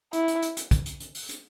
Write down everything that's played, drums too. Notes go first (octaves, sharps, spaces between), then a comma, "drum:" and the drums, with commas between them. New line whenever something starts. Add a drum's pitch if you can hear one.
E4, drum: hi-hat
drum: hi-hat
drum: hi-hat
drum: hi-hat
drum: kick, hi-hat
drum: hi-hat
drum: hi-hat
drum: open hi-hat
drum: hi-hat